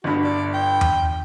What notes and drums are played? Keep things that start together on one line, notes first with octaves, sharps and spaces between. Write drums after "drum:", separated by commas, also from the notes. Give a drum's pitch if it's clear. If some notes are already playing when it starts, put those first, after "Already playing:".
G1 G2 F#4
D5
G5
drum: tom E2